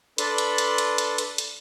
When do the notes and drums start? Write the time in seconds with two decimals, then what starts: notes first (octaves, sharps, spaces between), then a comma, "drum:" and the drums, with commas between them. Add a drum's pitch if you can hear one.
0.18 D4 A4 B4 C6, drum: hi-hat
0.38 drum: hi-hat
0.58 drum: hi-hat
0.78 drum: hi-hat
0.98 drum: hi-hat
1.18 drum: hi-hat
1.38 drum: hi-hat